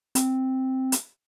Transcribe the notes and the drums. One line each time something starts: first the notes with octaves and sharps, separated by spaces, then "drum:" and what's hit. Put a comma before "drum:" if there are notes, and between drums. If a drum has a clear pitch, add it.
C4, drum: hi-hat
drum: hi-hat